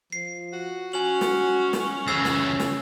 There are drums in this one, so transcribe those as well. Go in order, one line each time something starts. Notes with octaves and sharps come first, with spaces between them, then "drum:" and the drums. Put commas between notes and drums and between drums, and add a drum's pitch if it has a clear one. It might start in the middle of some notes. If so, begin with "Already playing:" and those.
F3 C7
F#4
C#4 F#4 G#5 F#7
drum: snare
drum: snare
D2 C#3 E3 E6 G#6 C7
drum: snare
drum: snare